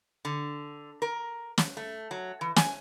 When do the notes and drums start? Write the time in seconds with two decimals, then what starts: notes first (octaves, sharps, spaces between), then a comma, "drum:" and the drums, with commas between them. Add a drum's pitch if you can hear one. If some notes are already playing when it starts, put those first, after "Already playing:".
0.25 D3
1.02 A#4
1.58 drum: snare
1.77 A3
2.11 F#3
2.41 E3
2.56 G#5, drum: snare